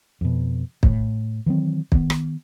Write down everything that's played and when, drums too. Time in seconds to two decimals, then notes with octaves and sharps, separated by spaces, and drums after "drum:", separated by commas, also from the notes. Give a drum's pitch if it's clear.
0.21 F2 B2
0.83 A2, drum: kick
1.46 D#3 E3 F#3 C4
1.92 D#3 B3, drum: kick
2.10 drum: rim click